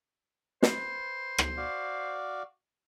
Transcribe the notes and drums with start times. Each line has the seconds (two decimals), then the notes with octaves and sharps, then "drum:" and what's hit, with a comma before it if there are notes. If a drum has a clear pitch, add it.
0.63 B4 C5, drum: snare
1.38 drum: rim click
1.57 F#4 D5 F5